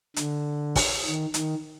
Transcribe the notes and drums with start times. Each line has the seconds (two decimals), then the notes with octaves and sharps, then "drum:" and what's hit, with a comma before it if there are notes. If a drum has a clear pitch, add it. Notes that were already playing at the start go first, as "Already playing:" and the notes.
0.16 D3, drum: hi-hat
0.76 drum: kick, open hi-hat
1.05 D#3
1.34 D#3, drum: hi-hat